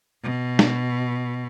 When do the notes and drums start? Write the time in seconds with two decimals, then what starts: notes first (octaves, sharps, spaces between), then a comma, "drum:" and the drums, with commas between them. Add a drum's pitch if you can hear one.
0.22 B2
0.59 drum: snare